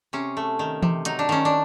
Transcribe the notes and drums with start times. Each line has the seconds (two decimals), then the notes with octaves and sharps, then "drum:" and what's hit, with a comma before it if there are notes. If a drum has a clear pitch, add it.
0.13 C3 C#4
0.37 A3
0.59 D#3
0.82 C3, drum: tom E3
1.05 F#3 D#4, drum: hi-hat
1.19 D4
1.29 D#3 C#4
1.45 D4